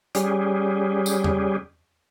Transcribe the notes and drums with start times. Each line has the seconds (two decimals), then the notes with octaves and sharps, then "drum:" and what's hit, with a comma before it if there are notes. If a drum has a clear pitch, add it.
0.15 G3 C#4 G4 G#4, drum: hi-hat
1.06 drum: tambourine
1.24 drum: tom E2